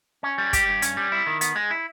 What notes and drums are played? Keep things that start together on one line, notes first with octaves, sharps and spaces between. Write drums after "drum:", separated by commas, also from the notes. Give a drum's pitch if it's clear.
C#4
G3
G4, drum: kick, hi-hat
G2
C#4, drum: hi-hat
G3
E4
D#3
B3, drum: hi-hat
G#3
E4